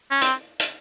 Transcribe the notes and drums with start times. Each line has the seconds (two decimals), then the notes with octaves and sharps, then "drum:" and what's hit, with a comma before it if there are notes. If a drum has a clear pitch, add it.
0.11 C#4
0.21 C4, drum: hi-hat
0.60 drum: hi-hat